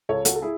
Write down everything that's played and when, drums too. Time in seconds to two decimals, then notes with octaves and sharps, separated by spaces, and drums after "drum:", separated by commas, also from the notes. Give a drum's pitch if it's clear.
0.09 C#2 A4 C#5
0.25 F#4 A4, drum: hi-hat
0.36 A4
0.42 E4 G#4